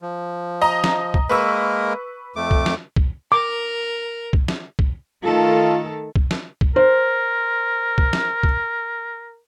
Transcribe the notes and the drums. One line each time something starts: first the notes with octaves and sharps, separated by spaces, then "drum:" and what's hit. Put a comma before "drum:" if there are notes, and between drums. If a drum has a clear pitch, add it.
F3
D#5 A#5
drum: snare
drum: kick
G#3 A#3 A#4 B4 C#6 E6
F2 A3 D6
drum: kick
drum: snare
drum: kick
A#4 D6
drum: kick
drum: snare
drum: kick
D#3 A3 F4 A4
drum: kick
drum: snare
drum: kick
A#4 C5
drum: kick
drum: snare
drum: kick